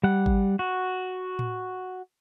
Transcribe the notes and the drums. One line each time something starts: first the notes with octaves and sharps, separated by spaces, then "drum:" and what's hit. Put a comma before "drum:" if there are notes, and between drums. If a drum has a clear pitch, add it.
G3 F#5
drum: kick G#1
F#4
drum: tom A2